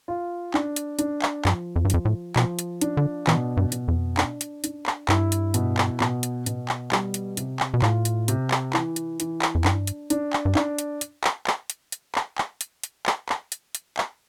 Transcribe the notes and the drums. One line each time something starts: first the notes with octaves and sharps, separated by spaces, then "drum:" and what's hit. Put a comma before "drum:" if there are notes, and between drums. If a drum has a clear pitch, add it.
F4
D4, drum: clap
drum: hi-hat
D4, drum: hi-hat
drum: clap
G2 F3, drum: clap
F2
G2
F2 F3, drum: hi-hat
A2
B2 F3, drum: clap
drum: hi-hat
D4, drum: hi-hat
D3
B2 E3, drum: clap
G2
B2, drum: hi-hat
F2
D4, drum: clap
drum: hi-hat
D4, drum: hi-hat
drum: clap
G2 E4, drum: clap
drum: hi-hat
B2, drum: hi-hat
drum: clap
B2, drum: clap
drum: hi-hat
B2, drum: hi-hat
drum: clap
G3, drum: clap
drum: hi-hat
C3, drum: hi-hat
drum: clap
B2
A2 F4, drum: clap
drum: hi-hat
C3, drum: hi-hat
drum: clap
E3, drum: clap
drum: hi-hat
E3, drum: hi-hat
drum: clap
F2
G2 D4, drum: clap
drum: hi-hat
D4, drum: hi-hat
drum: clap
G2
D4, drum: clap
drum: hi-hat
drum: hi-hat
drum: clap
drum: clap
drum: hi-hat
drum: hi-hat
drum: clap
drum: clap
drum: hi-hat
drum: hi-hat
drum: clap
drum: clap
drum: hi-hat
drum: hi-hat
drum: clap